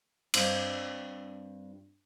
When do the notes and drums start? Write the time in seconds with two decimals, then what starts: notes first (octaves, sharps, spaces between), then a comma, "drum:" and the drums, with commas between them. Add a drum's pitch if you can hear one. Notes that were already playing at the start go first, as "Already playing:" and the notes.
0.34 G2 C4 D4 F4, drum: cymbal